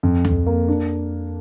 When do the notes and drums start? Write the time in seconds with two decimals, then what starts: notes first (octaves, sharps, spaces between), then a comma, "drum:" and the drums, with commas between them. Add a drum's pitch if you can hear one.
0.03 F2
0.25 F2, drum: tom D2
0.46 A#3
0.68 D4